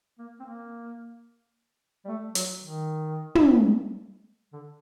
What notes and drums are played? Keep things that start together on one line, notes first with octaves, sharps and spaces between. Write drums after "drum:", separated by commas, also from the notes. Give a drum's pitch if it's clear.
A#3
C4
A#3
G3
A3
F#3, drum: hi-hat
D#3
drum: tom
D3